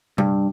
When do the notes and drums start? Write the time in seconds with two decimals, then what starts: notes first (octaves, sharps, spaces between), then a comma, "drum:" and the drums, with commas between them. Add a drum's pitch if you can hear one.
0.18 G2, drum: tom C3